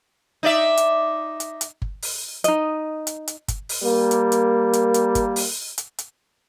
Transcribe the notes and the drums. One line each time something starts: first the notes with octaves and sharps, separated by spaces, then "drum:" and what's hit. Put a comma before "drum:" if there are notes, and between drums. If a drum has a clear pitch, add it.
D#4 D5 E5
drum: hi-hat
drum: hi-hat
drum: hi-hat
drum: kick G1
drum: open hi-hat
D#4 D#5, drum: hi-hat
drum: hi-hat
drum: hi-hat
drum: kick G1, hi-hat
drum: open hi-hat
G3 A#3
drum: hi-hat
drum: hi-hat
drum: hi-hat
drum: hi-hat
drum: kick G1, hi-hat
drum: open hi-hat
drum: hi-hat
drum: hi-hat